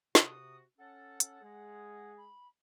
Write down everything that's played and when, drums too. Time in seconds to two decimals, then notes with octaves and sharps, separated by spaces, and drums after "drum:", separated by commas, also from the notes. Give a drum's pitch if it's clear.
0.15 C3 F#4 D#6, drum: snare
0.78 C#4 A4 F#5
1.20 drum: hi-hat
1.42 G#3 G#4
2.17 B5